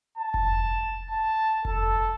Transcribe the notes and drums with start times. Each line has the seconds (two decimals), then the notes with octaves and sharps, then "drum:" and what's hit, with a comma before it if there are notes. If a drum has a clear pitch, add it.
0.18 A5
0.34 drum: kick F1
1.11 A5
1.65 A4, drum: kick F1